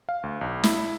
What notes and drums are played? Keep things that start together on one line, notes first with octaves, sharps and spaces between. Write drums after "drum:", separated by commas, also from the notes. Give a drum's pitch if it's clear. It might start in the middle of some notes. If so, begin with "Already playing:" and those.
F5
D2
B1
E4, drum: snare